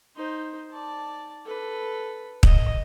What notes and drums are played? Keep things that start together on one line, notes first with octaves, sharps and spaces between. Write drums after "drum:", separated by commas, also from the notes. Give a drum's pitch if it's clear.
D#4 C5
D5 A5
A4 B4
D#5, drum: kick